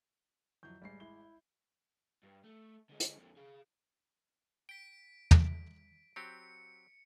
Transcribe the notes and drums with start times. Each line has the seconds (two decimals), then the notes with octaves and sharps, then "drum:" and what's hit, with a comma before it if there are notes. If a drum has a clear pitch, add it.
0.63 F2 E3 F#3 G6
0.82 A1 G3 G#3 C7
1.00 E4 G7
2.23 G2
2.44 A3
2.90 D3 G#3
3.00 drum: hi-hat
3.16 F2 D3
3.36 G#4 F5
4.69 G5 B6 D7
5.31 drum: tom
6.16 F#3 C4 G4 C#7